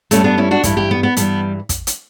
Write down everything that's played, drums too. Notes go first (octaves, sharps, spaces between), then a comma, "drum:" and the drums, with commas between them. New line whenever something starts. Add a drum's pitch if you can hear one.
G2 E3 G3 A3 C#4, drum: hi-hat
B3 D4
C#4 E4
D4 F#4
G2 E3 G3 E4 G4, drum: kick, hi-hat
E4 G4
B3
B3
G2 E3 G3 B3, drum: hi-hat
drum: kick, hi-hat
drum: hi-hat